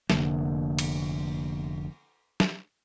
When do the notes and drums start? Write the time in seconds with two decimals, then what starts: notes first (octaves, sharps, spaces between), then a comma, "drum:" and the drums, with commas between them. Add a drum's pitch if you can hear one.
0.10 F1 D3 A#3, drum: snare
0.79 drum: cymbal
2.40 drum: snare